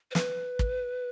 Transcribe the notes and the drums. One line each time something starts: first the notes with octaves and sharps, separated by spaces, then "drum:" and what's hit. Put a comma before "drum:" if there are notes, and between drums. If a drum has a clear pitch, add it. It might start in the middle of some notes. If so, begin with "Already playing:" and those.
C5
B4, drum: snare
drum: kick